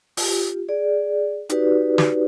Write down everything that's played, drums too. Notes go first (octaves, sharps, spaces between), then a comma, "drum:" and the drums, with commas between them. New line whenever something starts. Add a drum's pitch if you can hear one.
F4 G4, drum: open hi-hat
G#4 D5
D#4 F#4 G4 B4 D5, drum: hi-hat
drum: snare